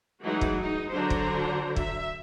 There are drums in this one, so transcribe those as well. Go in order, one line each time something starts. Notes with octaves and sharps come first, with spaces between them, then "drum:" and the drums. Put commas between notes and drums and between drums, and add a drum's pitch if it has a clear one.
E3 F#3 G#3 A3 D#4 F#4
drum: kick
D#4
D3 F#3 D4 F#4 C5 A#5
drum: kick
E5, drum: kick